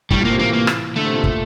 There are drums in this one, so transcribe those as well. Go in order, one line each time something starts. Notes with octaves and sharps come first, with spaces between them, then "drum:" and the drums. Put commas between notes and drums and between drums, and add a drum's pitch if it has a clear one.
A2 G3, drum: kick
A#2
C3 A#3
E3 A#3
A#3
drum: rim click
D3 A3
C3
A#2
drum: kick